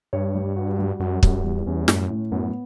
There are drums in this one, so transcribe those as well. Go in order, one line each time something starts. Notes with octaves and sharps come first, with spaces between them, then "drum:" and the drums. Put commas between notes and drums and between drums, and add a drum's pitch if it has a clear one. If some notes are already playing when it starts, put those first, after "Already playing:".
G2 C#5
G3
F#4
G3
F#2 F#4
F#2 G3, drum: kick
E2 G3
E2 C#4
F#2 A2, drum: snare
A2
F#2 B3